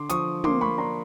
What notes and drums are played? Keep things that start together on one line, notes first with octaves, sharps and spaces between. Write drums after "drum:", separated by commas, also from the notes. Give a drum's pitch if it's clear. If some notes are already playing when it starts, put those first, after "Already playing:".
Already playing: D3 C6 D6
F3 C#6 D#6, drum: hi-hat
A#3 C6 D6, drum: tom
B5 C#6
D4 A#5 C6